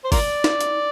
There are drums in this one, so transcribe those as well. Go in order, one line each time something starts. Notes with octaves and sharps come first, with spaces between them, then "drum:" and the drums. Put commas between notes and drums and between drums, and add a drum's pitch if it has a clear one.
C5
F4 A#4 D5, drum: kick G1, open hi-hat
drum: snare
drum: hi-hat